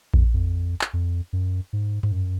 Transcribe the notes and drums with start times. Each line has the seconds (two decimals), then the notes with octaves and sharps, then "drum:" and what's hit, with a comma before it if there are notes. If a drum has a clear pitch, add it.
0.14 F2, drum: kick A#1
0.34 F2
0.81 drum: clap
0.93 F2
1.33 F#2
1.73 G#2
2.03 G#2, drum: tom G2
2.12 F#2